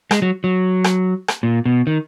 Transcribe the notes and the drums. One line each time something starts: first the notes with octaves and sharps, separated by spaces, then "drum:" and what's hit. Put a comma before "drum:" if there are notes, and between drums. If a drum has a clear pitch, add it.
G#3, drum: rim click
F#3
F#3
drum: rim click
drum: rim click
A#2
B2
D#3